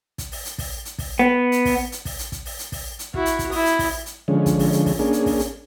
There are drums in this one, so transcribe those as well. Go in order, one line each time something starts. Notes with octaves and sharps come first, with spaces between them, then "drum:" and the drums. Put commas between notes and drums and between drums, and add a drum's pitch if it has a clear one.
drum: kick, hi-hat
drum: open hi-hat
drum: hi-hat
drum: kick, open hi-hat
drum: hi-hat
drum: kick, open hi-hat
B3
drum: hi-hat
drum: kick, open hi-hat
drum: hi-hat
drum: kick, open hi-hat
drum: hi-hat
drum: kick, hi-hat
drum: open hi-hat
drum: hi-hat
drum: kick, open hi-hat
drum: hi-hat
E4 F#4, drum: kick
drum: hi-hat
drum: kick, hi-hat
E4 D#6, drum: open hi-hat
drum: hi-hat
drum: kick, open hi-hat
drum: hi-hat
D3 F3 G#3 C#4
drum: kick, hi-hat
drum: open hi-hat
drum: hi-hat
drum: kick, open hi-hat
A#3 C#4 D4 G#4
drum: hi-hat
drum: kick, open hi-hat
drum: hi-hat